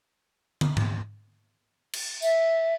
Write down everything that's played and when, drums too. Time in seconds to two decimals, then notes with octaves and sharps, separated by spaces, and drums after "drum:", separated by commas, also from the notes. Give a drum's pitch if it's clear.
0.61 drum: tom
0.77 drum: tom G#2
1.93 drum: cymbal
2.22 E5, drum: tambourine